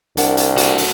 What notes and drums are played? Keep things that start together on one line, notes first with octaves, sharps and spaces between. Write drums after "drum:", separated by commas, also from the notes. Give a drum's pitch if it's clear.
C2 D4 A#4 F#5, drum: hi-hat
drum: hi-hat
F#4 A4, drum: hi-hat
drum: open hi-hat